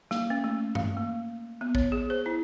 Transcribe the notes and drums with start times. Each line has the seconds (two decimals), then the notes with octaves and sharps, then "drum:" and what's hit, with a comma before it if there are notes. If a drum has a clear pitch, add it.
0.11 A#3, drum: snare
0.30 C#4
0.44 A3
0.75 F5, drum: tom G2
0.97 A#3
1.61 B3
1.75 C#5, drum: kick A1
1.92 G#4
2.10 C5
2.26 E4